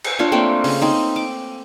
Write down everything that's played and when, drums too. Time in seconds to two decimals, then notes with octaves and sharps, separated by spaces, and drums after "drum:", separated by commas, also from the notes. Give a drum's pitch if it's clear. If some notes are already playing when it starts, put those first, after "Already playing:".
0.04 drum: cymbal
0.19 D4 F4 C#5
0.32 A3 A#3 C4 G5
0.64 C#3, drum: open hi-hat
0.82 C4 D#4
1.16 D6